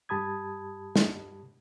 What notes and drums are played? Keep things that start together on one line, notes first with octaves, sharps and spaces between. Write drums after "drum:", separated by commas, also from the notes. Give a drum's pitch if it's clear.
G2 G4 A5 B5 D#6 G#6
drum: snare